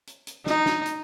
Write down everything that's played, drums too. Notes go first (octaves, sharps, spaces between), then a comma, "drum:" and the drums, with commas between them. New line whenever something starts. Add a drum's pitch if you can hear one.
drum: hi-hat
drum: hi-hat
D#4, drum: snare
drum: snare
drum: hi-hat